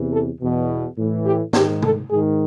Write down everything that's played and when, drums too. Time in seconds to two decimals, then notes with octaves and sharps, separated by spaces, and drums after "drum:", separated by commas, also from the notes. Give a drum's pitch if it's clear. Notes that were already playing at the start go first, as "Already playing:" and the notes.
Already playing: E2 C3 E3
0.12 A4
0.41 E2 B2
0.98 A2 E3
1.25 G4
1.53 G#2 D#3 G4, drum: snare
1.82 A4, drum: tom C3
2.10 G#2 D#3 G#4